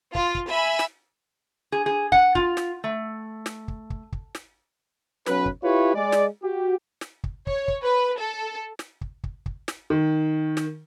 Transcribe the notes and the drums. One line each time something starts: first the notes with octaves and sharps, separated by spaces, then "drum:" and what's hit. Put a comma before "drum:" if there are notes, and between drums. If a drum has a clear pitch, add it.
F4, drum: kick
drum: kick
E5 G#5 B5
drum: snare
G#4
G#4
F#5, drum: kick
F4, drum: kick
drum: snare
A3
drum: snare
drum: kick
drum: kick
drum: kick
drum: snare
B1 F#3 C#4 B4, drum: snare
drum: kick
E4 F4 G4 B4 C#5
G#3 D5
drum: snare
F#4 G4
drum: snare
drum: kick
C#5, drum: kick
drum: kick
B4
A4
drum: snare
drum: kick
drum: kick
drum: kick
drum: snare
D#3
drum: snare